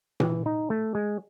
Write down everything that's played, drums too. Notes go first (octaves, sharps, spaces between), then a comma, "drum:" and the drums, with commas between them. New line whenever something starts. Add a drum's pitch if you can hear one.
E3, drum: tom A#2
D#4
A3
G#3